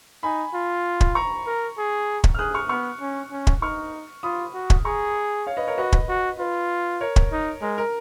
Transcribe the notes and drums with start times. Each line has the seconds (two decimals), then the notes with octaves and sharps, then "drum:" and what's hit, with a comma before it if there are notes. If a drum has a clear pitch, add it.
0.23 D#4 G#5 B5
0.54 F4
1.01 drum: kick
1.15 A#5 C#6
1.47 A#4
1.78 G#4
2.24 drum: kick
2.34 F6
2.39 G#4 D#6 F#6
2.54 C#6 F6
2.69 B3 C#6 F6
3.01 C#4
3.32 C#4
3.47 drum: kick
3.62 D#4 C#6 F6
4.23 F4 B5 D#6
4.54 F#4
4.70 drum: kick
4.85 G#4 A#5 C#6
5.47 C#5 F5
5.57 B4 D#5
5.67 A#4 C#5
5.77 F#4 B4 D#5
5.92 B4, drum: kick
6.09 F#4
6.39 F4 B4
7.01 A#4 C#5
7.16 drum: kick
7.32 D#4
7.62 G#3 A#4
7.78 A#4